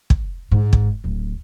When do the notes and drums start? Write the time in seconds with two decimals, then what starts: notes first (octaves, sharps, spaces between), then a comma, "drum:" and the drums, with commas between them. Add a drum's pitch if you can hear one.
0.10 drum: kick
0.51 G#2
0.73 drum: kick
1.04 D1